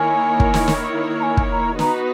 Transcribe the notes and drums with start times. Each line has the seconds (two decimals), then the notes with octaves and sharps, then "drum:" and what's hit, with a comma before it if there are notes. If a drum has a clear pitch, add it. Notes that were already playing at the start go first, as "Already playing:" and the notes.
Already playing: D#3 A#3 E4 A#4 C#5 G#5
0.40 drum: kick
0.54 drum: snare
0.68 drum: snare
1.20 A#5
1.23 G#5
1.37 drum: kick
1.52 A#5
1.79 B3 D#4 F#4 B4 A#5, drum: snare